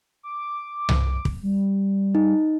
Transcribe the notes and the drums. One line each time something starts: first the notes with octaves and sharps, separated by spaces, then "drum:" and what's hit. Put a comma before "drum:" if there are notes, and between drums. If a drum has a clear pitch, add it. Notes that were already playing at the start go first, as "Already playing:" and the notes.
D6
drum: tom C2
drum: kick
G3
D#4